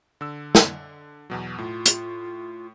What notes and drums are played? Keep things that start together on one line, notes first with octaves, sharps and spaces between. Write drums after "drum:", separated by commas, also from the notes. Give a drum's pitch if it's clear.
D3 E6
drum: snare
E2 B2 F#3
A2 F4
drum: hi-hat